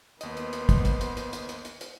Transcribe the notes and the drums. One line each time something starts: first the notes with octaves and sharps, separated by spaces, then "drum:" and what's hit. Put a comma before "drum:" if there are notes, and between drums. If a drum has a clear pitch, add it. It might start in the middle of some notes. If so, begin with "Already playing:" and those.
D#2 B3 C5 D#5, drum: hi-hat
drum: hi-hat
drum: hi-hat
drum: kick, hi-hat
drum: hi-hat
drum: hi-hat
drum: hi-hat
drum: hi-hat
drum: hi-hat
drum: hi-hat
drum: hi-hat